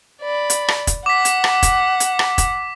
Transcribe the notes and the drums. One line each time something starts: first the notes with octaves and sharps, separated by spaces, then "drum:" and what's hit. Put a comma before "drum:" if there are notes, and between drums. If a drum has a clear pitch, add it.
D5 B5
drum: hi-hat
drum: rim click
drum: kick F1, hi-hat
F#5 D6 B6
drum: hi-hat
drum: rim click
drum: kick F1, hi-hat
drum: hi-hat
drum: rim click
drum: kick F1, hi-hat